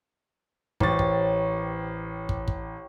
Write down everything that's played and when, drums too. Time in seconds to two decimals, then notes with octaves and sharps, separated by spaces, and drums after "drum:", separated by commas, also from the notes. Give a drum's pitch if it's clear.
0.80 A1 G4 C5 C#5 A6, drum: kick
0.99 drum: kick
2.29 drum: kick
2.48 drum: kick